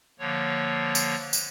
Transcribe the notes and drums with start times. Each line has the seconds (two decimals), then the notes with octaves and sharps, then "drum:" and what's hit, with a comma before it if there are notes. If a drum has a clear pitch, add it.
0.19 D3 F3 A#3 C#5
0.95 drum: tambourine
1.33 drum: tambourine